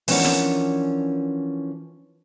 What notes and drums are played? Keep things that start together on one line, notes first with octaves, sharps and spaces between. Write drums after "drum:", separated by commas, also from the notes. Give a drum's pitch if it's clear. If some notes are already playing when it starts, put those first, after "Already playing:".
E3 F3 C#4 D4 A#4 F#5, drum: open hi-hat
drum: snare